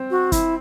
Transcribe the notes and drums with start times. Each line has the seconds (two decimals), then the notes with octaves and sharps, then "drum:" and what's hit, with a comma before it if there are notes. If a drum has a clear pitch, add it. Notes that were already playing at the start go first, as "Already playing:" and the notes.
Already playing: C4
0.11 F#4
0.32 E4, drum: kick, hi-hat